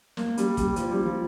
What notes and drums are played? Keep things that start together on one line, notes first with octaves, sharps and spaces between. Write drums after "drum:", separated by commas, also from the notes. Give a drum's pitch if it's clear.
A#3, drum: snare
G3, drum: hi-hat
G3, drum: kick, hi-hat
F3, drum: hi-hat
G3
F3